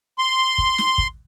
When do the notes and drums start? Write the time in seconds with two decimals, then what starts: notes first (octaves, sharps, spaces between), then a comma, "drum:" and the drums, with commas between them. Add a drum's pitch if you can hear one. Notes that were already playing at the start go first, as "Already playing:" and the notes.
0.19 C6
0.58 drum: kick
0.78 drum: snare
0.98 drum: kick